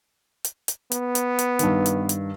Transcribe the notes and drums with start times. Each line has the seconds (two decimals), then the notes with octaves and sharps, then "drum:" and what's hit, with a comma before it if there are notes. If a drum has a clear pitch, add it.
0.45 drum: hi-hat
0.68 drum: hi-hat
0.92 B3, drum: hi-hat
1.15 drum: hi-hat
1.39 drum: hi-hat
1.59 G2 D#3, drum: hi-hat
1.86 drum: hi-hat
2.09 drum: hi-hat